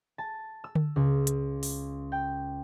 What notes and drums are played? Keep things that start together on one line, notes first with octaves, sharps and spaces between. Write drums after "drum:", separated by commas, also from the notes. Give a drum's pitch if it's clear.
A5
E6
drum: tom D3
C#2
drum: hi-hat
drum: open hi-hat
G5